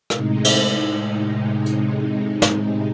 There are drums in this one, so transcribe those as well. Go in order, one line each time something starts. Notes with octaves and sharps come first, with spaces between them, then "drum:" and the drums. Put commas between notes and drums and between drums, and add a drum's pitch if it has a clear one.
A2 C3 G#3 D#4, drum: rim click
drum: cymbal
drum: hi-hat
drum: snare